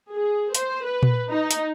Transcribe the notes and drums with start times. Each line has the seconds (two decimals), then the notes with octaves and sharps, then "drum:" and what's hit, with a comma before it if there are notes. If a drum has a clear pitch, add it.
0.13 G#4
0.55 C5, drum: hi-hat
0.86 B4
1.03 drum: tom A#2
1.30 D#4
1.51 drum: hi-hat